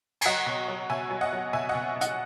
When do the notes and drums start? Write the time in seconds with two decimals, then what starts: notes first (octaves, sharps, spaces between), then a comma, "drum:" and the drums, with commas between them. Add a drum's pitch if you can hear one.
0.21 G#5, drum: cymbal
0.25 F#3 D#5 F#5
0.46 B2
0.68 F#3
0.90 B2 E5 G#5
1.11 F#3
1.21 D#5 F#5
1.33 F#3
1.53 B2 E5 G#5
1.69 D#5 F#5
1.75 B2
1.96 B2
2.01 D#5 F#5, drum: hi-hat